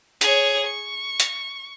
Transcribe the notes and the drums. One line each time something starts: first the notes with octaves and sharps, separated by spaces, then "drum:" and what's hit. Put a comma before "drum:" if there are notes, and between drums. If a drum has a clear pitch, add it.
G#4 C#5, drum: hi-hat
C#6
drum: hi-hat